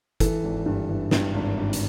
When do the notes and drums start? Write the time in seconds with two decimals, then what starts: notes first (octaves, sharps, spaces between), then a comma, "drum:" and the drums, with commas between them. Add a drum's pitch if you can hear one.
0.20 E3 A4, drum: kick, hi-hat
0.44 G#1
0.66 G2
0.89 E3
1.11 G2, drum: snare
1.34 G#1
1.57 G#1
1.73 drum: hi-hat